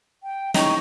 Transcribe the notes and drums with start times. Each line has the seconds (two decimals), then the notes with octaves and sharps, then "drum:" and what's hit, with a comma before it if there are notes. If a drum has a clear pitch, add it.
0.23 G5
0.54 D#4 C#5 G5, drum: snare